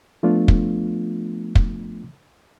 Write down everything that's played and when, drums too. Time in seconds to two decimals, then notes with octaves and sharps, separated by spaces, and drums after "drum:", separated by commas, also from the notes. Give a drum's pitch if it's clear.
0.23 F3 A3 B3 D4 F4
0.48 drum: kick
1.55 drum: kick